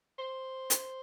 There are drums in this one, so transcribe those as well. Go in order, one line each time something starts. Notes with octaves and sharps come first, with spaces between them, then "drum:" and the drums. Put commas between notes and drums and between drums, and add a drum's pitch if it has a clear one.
C5
drum: hi-hat